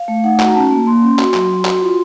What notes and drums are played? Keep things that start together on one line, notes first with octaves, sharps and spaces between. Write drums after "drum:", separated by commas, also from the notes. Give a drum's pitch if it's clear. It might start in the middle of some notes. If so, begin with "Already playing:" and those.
Already playing: F5
A3
D#4 F#5
F#4, drum: clap
A#5
C#4 A5
A#3
A#3 C6
C#4
F#4, drum: clap
F#3, drum: clap
F#4
F#4, drum: clap
F4